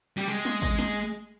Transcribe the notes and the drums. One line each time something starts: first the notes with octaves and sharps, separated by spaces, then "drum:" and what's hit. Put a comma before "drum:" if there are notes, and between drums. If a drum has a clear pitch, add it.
G3
G#3
drum: snare
drum: kick
drum: snare